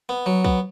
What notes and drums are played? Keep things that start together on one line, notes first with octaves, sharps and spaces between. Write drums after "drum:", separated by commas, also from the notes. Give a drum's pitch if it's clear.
B3
F#3
B3, drum: kick